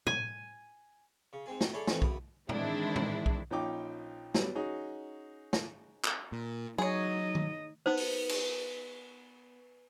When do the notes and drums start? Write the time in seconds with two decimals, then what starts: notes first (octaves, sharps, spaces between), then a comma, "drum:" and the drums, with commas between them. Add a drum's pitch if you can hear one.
0.07 G#5, drum: tom
1.33 C#3
1.46 G#2 C4 G#4
1.61 F#4 G5, drum: snare
1.73 E4 G#4 A4 C#5 D5
1.87 E3 A3 C4 C#4 D#4 F#4, drum: snare
2.02 C#2 F#2 E4 D#6, drum: kick B1
2.49 D#3 E3 G#3 C4 D4 E4, drum: tom
2.96 drum: tom
3.26 drum: kick B1
3.51 A#1 F3 C#4 D#4 G5 D6
4.34 F#3 G3 B3, drum: snare
4.55 C#4 D#4 F#4 G#4
5.53 drum: snare
6.04 drum: clap
6.32 A#2
6.78 F#3 D#4 G#4 C#5 D#5
7.35 drum: tom D#3
7.86 B3 D#4 C5
7.97 drum: open hi-hat
8.29 drum: cymbal